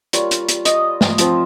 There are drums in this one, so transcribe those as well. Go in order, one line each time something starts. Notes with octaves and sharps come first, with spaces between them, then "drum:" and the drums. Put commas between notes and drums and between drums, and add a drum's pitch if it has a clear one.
G3 A#3 F4 C#5, drum: hi-hat
drum: hi-hat
drum: hi-hat
D#5, drum: hi-hat
drum: snare A3
F3 C4 F4, drum: hi-hat